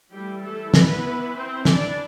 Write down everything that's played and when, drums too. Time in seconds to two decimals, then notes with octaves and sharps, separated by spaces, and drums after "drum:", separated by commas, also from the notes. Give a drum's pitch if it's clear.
0.12 E3 G3 A3 E4 G4
0.43 A3 A4
0.74 B3 B4, drum: snare
1.35 C4 C5
1.65 D4 D5, drum: snare